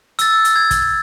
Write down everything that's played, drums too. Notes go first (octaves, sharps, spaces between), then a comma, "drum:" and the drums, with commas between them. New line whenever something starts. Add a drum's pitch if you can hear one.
E6 A6, drum: hi-hat
drum: hi-hat
G#6
drum: kick, hi-hat